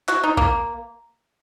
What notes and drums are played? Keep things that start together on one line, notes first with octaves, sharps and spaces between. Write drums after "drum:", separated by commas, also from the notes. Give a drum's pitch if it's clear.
F#4, drum: clap
D#4
A#3, drum: kick A#1